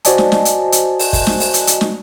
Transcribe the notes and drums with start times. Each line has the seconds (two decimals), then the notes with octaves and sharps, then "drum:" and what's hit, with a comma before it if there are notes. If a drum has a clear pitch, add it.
0.05 F#4 C5 D5 D#5 G#5 A5, drum: hi-hat
0.18 drum: snare
0.32 drum: snare
0.45 drum: hi-hat
0.72 drum: hi-hat
0.99 drum: open hi-hat
1.13 drum: kick, open hi-hat
1.27 drum: snare
1.40 drum: open hi-hat
1.54 drum: hi-hat
1.67 drum: hi-hat
1.81 drum: snare